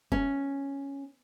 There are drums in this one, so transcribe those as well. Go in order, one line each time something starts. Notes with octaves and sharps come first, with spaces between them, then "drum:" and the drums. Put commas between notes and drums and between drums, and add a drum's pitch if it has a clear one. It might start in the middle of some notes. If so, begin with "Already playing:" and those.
C#4, drum: kick F1